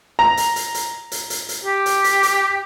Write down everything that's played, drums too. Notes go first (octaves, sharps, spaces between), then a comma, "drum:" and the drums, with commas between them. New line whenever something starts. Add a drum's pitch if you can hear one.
A#5
drum: hi-hat
drum: hi-hat
drum: hi-hat
drum: hi-hat
drum: hi-hat
drum: hi-hat
G4
drum: hi-hat
drum: hi-hat
drum: hi-hat